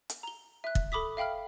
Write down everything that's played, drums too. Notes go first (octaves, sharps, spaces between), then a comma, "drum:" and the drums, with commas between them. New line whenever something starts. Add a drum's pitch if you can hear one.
drum: hi-hat
A#5 G7
E5 F#6
drum: kick
A4 B5 D6 D#6 B6
E5 F5 G5 B5 F6